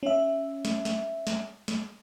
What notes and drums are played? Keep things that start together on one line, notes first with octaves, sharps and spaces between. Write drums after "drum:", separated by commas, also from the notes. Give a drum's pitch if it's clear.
C#4 E5
drum: snare
drum: snare
drum: snare
drum: snare